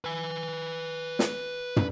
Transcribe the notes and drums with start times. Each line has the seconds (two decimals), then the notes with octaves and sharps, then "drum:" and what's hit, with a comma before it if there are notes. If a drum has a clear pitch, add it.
0.04 B4 G#5
1.19 drum: snare
1.76 drum: tom